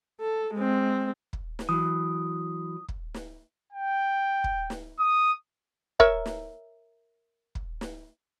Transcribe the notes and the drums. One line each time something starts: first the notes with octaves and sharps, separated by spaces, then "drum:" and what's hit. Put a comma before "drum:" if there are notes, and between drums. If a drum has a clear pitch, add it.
A4
G#3 C4
drum: kick
drum: snare
E3 F#3 D#6
drum: kick
drum: snare
G5
drum: kick
drum: snare
D#6
A#4 C#5 E5, drum: kick
drum: snare
drum: kick
drum: snare